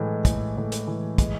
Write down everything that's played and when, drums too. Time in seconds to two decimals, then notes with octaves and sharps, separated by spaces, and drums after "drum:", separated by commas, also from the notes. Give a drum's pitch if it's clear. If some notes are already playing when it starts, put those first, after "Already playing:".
Already playing: A2 E3 G#3
0.25 A2, drum: kick, hi-hat
0.57 A2
0.72 drum: hi-hat
0.87 E3
1.18 G#3, drum: kick, hi-hat